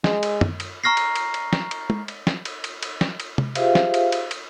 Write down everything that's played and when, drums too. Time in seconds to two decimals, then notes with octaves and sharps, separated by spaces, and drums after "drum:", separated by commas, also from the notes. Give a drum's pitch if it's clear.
0.04 G#3, drum: snare
0.23 drum: cymbal
0.41 drum: tom
0.60 drum: cymbal
0.84 A#5 C#6 F6 A#6 C7
0.97 drum: cymbal
1.16 drum: cymbal
1.34 drum: cymbal
1.53 drum: snare
1.71 drum: cymbal
1.90 drum: tom
2.08 drum: cymbal
2.27 drum: snare
2.45 drum: cymbal
2.64 drum: cymbal
2.83 drum: cymbal
3.01 drum: snare
3.20 drum: cymbal
3.38 drum: tom C3
3.55 F4 G4 G#4 C5 E5 F5, drum: cymbal
3.75 drum: snare
3.94 drum: cymbal
4.12 drum: cymbal
4.31 drum: cymbal